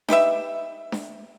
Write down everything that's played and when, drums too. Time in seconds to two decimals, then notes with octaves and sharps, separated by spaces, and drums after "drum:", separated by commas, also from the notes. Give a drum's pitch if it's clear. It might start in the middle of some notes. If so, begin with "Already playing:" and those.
0.09 D#4 G4 B4 E5, drum: snare D4
0.92 drum: snare D4